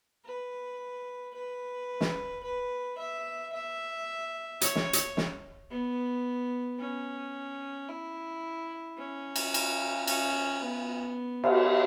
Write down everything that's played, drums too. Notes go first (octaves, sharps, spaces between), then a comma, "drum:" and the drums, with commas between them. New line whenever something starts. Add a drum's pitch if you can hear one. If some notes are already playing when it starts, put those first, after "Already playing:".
B4
B4
drum: snare
B4
E5
E5
C#5, drum: hi-hat
drum: snare
drum: hi-hat
drum: snare
B3
C#4
E4
C#4
drum: cymbal
drum: cymbal
C#4, drum: cymbal
B3
drum: cymbal